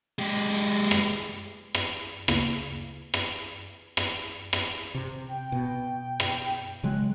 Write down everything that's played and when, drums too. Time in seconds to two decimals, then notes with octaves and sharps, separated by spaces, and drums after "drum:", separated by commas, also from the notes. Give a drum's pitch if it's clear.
0.19 G#3 G4
0.91 drum: rim click
1.75 drum: rim click
2.28 D2 C#3 A#3 E4, drum: rim click
3.14 drum: rim click
3.97 drum: rim click
4.53 drum: rim click
4.95 C3
5.28 G5
5.52 B2
6.20 drum: rim click
6.83 C#3 F#3 G#3 F#6